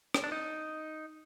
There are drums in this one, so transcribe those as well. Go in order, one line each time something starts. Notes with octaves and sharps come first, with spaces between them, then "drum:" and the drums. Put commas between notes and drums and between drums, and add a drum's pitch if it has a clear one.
drum: rim click
D4
D#4